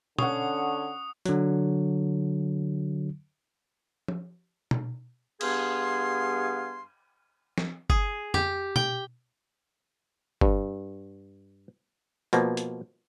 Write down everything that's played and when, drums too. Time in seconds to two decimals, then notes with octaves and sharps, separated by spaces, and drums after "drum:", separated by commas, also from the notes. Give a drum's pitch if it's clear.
0.19 D3 C#4 F#5 C#6 D#6, drum: tom
1.26 D3 F#3, drum: hi-hat
4.08 drum: tom
4.71 drum: tom
5.41 G2 B3 G#4 F5 G#5 C6, drum: cymbal
7.58 drum: snare
7.90 G#4, drum: kick G1
8.34 G4, drum: tom F2
8.76 G5, drum: tom
10.41 G2, drum: kick G1
12.33 B2 F3 A#3, drum: hi-hat
12.57 drum: hi-hat